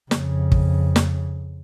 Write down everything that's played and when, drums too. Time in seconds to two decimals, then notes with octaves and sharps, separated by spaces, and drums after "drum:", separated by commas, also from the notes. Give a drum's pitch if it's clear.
0.11 F2 C#3, drum: snare
0.52 drum: kick
0.96 drum: snare